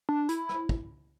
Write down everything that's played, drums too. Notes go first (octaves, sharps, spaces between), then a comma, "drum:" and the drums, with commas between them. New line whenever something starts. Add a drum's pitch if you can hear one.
D4
E4, drum: hi-hat
drum: rim click
drum: kick